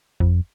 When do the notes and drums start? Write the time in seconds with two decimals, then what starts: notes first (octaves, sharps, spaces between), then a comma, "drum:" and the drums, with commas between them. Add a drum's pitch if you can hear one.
0.20 F2, drum: kick G1